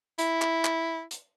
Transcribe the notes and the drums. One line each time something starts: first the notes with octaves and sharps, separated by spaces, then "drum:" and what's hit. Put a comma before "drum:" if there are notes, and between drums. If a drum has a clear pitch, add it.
E4, drum: hi-hat
drum: clap
drum: clap
drum: hi-hat